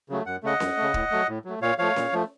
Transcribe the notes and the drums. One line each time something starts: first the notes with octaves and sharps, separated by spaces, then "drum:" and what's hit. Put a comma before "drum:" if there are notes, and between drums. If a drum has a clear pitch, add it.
C#3 F#3 A3
F#2 F#5
C#3 A3 D#5 F#5
F#2, drum: snare C#4
A3
C#3
A2, drum: kick
F#3 A3
A2
F#3 A3
A#2 C#5 F5
F3 A3 C#5 F5
A#2, drum: snare C#4
F3 A3